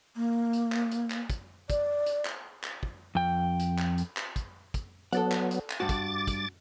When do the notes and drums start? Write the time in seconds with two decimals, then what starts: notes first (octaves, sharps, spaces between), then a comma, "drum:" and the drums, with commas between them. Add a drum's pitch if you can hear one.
0.16 A#3
0.53 drum: hi-hat
0.72 drum: clap
0.91 drum: hi-hat
1.10 drum: clap
1.30 drum: kick, hi-hat
1.70 D5, drum: kick, hi-hat
2.06 drum: hi-hat
2.25 drum: clap
2.64 drum: clap
2.83 drum: kick
3.15 F2 G5
3.59 drum: hi-hat
3.78 drum: clap
3.98 drum: hi-hat
4.17 drum: clap
4.36 drum: kick, hi-hat
4.74 drum: kick, hi-hat
5.13 F#3 B3 A4 D5 F#5, drum: hi-hat
5.32 drum: clap
5.51 drum: hi-hat
5.70 drum: clap
5.80 G2 F#4 D6 A6
5.89 drum: kick, hi-hat
6.27 drum: kick, hi-hat